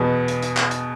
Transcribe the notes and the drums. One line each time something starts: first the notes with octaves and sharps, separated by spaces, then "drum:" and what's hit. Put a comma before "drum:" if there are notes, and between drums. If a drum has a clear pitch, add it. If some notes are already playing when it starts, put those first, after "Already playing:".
Already playing: E2 B2 B3
drum: hi-hat
drum: hi-hat
drum: clap
drum: hi-hat